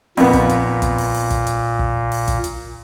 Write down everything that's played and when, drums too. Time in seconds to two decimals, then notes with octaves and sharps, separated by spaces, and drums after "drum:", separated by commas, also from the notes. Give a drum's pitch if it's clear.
0.17 F2 A#2 B3, drum: open hi-hat
0.33 drum: kick, hi-hat
0.50 drum: hi-hat
0.82 drum: kick, hi-hat
0.98 drum: open hi-hat
1.14 drum: open hi-hat
1.31 drum: kick, hi-hat
1.47 drum: hi-hat
1.79 drum: kick
2.12 drum: open hi-hat
2.28 drum: kick, hi-hat
2.44 drum: hi-hat